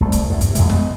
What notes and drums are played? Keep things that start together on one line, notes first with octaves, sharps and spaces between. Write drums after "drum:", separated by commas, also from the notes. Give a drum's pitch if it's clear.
C2 A3
drum: kick C#1, hi-hat
E2 G2
drum: hi-hat
F2 C3 G#3, drum: hi-hat
G#3 B3, drum: snare